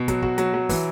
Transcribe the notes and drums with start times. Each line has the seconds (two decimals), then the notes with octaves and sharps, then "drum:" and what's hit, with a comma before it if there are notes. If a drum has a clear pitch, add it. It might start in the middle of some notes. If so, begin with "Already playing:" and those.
Already playing: B2
0.08 F#3, drum: kick, hi-hat
0.23 F#4, drum: kick
0.38 F#3, drum: hi-hat
0.54 F#3
0.69 E3, drum: kick, open hi-hat